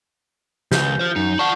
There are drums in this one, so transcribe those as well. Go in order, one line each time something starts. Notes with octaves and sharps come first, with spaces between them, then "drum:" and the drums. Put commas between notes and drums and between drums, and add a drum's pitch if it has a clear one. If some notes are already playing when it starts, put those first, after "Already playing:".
C#2 G6, drum: snare
F4 C5
F#2 D#4
F4 D5 F#5 A5 C#6